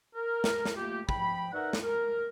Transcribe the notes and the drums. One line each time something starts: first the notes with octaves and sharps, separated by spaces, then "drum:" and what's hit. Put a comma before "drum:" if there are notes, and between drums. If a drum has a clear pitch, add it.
A#4
drum: snare
drum: snare
A3 A#3 F4 G4
F3 G5 B5, drum: kick
D#4 A#4 B4 D5 E5 F#5
drum: snare
A#4